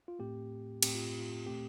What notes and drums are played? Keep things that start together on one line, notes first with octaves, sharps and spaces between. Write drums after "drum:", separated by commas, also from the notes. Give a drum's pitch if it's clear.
F4
A2 A3 C4 G4
A2 A3 C4 G4, drum: cymbal
F4
F4
A#2 A3 C4 G4